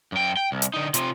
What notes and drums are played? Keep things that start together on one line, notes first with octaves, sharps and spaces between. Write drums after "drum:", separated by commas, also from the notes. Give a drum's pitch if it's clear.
F#2 G5
G5
C2
drum: hi-hat
D3 D#4
C3 F4, drum: hi-hat